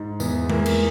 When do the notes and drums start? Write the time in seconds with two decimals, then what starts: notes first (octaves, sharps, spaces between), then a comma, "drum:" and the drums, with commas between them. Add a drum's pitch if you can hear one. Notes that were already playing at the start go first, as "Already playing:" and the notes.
Already playing: G#2
0.20 E2 B3, drum: tambourine
0.50 E2 A#3, drum: tom G#3
0.66 drum: cymbal